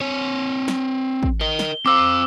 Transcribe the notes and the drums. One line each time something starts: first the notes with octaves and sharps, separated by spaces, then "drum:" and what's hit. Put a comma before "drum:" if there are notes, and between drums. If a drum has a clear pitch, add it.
C4 C#5
drum: snare
drum: kick
A#4 D#5 G7
drum: snare
C4 C5 F5 D6 E6